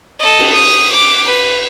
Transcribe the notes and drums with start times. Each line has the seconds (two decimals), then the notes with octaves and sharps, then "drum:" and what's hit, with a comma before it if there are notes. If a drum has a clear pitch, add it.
0.19 A4 D#5
0.39 drum: cymbal
0.53 D#6
0.92 D6
1.26 B4